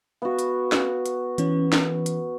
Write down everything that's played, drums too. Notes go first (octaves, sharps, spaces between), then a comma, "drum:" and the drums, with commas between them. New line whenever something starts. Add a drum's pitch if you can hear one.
B3 F#4 F5
drum: hi-hat
drum: snare
drum: hi-hat
E3 C#4, drum: hi-hat
drum: snare
drum: hi-hat